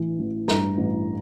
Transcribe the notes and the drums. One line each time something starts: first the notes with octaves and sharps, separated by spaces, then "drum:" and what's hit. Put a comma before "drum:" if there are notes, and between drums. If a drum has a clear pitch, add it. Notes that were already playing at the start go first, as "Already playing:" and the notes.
Already playing: A1 E3
A1
G2 A#5, drum: snare
A1